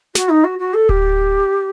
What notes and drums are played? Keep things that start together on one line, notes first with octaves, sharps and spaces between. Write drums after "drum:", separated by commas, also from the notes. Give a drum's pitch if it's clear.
F#4, drum: snare
D#4
F#4
F#4
A4
G4, drum: kick D1